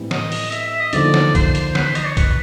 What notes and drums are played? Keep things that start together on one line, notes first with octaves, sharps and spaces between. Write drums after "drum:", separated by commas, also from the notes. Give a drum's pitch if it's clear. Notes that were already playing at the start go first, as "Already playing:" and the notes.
Already playing: A2 E3 G3 C4
D#5, drum: snare
drum: open hi-hat
E5, drum: hi-hat
E5
D#5
D3 F3 A#3 D#4 D5, drum: hi-hat
drum: snare
C5, drum: kick B1, hi-hat
drum: hi-hat
B4, drum: snare
C5
D#5, drum: hi-hat
C#5
B4, drum: kick B1, hi-hat